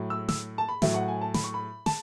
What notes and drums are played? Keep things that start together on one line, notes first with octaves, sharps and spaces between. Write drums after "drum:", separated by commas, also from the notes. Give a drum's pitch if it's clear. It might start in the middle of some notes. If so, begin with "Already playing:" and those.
Already playing: A2 F#3
E6
E6, drum: snare
A5
B5
A2 F#3 E5, drum: snare
F#5
G#5
A5
B5, drum: snare
C#6
B5
A5, drum: snare